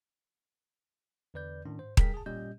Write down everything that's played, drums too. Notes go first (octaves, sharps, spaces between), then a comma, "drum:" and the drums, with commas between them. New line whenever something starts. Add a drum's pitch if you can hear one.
E2 D3 B4 D5 G6
A2 D#3 C#4 D4
G#2 C5
G2 G3 G#4 A#4 G5 B6, drum: kick D#1
G#4 A5
A#2 G3 C#4 G4 D#5 G6